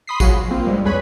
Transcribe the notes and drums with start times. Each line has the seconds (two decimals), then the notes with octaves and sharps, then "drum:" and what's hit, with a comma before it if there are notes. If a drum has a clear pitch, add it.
0.07 B5 C6 D#6 B6 C7
0.20 F#3 F4 F#4 G#4, drum: kick A1, tambourine
0.33 A#1
0.50 A#3 C4 F4
0.67 G2 G3 G#3
0.84 C2 F2 G#4 B4 C#5 B5